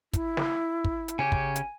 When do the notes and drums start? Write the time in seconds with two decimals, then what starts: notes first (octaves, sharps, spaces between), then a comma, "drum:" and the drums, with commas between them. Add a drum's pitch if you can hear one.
0.13 E4, drum: kick, hi-hat
0.37 drum: snare
0.84 drum: kick
1.08 drum: hi-hat
1.19 C#3 C#4 G4 G#5
1.32 drum: kick
1.56 drum: hi-hat